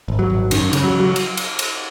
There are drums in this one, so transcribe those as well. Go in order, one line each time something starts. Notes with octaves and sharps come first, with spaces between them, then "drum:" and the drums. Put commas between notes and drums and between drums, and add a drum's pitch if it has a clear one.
G#1
F#3
G#1
F#2 D#3, drum: cymbal
C#3, drum: cymbal
F#3
F#3
drum: cymbal
drum: cymbal
drum: cymbal